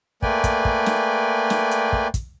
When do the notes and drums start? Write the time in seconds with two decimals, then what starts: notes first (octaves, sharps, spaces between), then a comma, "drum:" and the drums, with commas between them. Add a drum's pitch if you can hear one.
0.22 A3 A#3 B4 D5 G5 G#5, drum: kick
0.44 drum: kick, hi-hat
0.65 drum: kick
0.86 drum: snare
1.50 drum: snare
1.71 drum: hi-hat
1.93 drum: kick
2.14 drum: kick, hi-hat